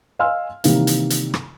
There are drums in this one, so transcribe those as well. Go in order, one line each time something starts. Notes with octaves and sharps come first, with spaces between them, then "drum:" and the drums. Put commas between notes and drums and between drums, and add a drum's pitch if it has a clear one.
D#5 F5 G#5 C6 E6 F6
C3 D#3 E3 G3 A#3, drum: hi-hat
drum: hi-hat
drum: hi-hat
drum: rim click